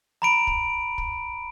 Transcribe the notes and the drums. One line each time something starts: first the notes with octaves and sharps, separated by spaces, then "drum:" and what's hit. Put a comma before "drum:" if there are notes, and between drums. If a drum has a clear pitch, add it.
A#5 B5 D7
drum: kick
drum: kick